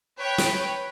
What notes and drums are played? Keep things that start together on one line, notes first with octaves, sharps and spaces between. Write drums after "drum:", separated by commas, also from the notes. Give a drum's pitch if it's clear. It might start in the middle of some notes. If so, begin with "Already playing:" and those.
B4 C#5 G5
drum: snare